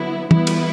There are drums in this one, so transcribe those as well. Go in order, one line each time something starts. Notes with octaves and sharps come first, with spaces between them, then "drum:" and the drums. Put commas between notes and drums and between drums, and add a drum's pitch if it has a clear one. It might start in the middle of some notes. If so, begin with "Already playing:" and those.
Already playing: D3 F#3 B3 E4
E3 G3 B3 E4, drum: tom
drum: cymbal